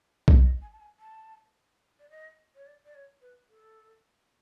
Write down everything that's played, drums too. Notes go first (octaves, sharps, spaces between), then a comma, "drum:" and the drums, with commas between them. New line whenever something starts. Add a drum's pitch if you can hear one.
drum: kick
D#5
G#5
A5
G#5
A5
D5
D#5
C#5
D5
D5
C#5
B4
A4